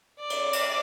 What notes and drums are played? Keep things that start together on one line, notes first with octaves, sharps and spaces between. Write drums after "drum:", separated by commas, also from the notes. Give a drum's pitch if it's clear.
D5
drum: cymbal
drum: cymbal